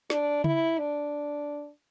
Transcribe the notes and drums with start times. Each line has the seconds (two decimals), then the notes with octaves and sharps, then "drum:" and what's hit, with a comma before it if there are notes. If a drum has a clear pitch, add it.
0.10 D4, drum: snare
0.44 E4, drum: tom C#3
0.78 D4